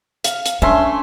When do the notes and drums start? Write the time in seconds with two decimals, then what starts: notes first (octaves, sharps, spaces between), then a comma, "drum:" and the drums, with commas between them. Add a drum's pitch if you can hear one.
0.24 F5, drum: hi-hat
0.46 drum: hi-hat
0.62 A3 C#4 D4 E5 C6